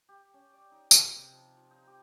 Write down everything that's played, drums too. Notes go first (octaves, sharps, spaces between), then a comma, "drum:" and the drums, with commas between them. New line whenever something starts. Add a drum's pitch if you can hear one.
G4
C#4
D5
D#4
B4, drum: tambourine
C3
F3
F4
D#4
G4